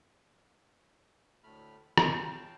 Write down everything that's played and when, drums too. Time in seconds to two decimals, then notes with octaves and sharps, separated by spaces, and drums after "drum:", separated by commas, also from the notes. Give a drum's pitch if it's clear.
1.44 D2 A2 A3 B5 F6
1.98 C#5 F5 G5 A5, drum: rim click